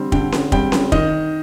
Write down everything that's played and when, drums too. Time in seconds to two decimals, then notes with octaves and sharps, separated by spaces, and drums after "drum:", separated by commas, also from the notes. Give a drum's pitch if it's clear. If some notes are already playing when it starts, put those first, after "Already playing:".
Already playing: D3 G3 C4
0.12 D3 G5, drum: kick
0.32 drum: snare C#4
0.52 G3 C4 G5, drum: kick
0.72 drum: snare C#4
0.92 D#3 D#5, drum: kick